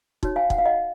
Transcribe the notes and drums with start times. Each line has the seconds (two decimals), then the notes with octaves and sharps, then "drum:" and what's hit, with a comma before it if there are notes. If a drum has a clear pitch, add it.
0.23 D#4 F#4 C#5, drum: kick
0.36 F5 G#5
0.50 F#5, drum: kick
0.58 F5
0.65 D#5 F#5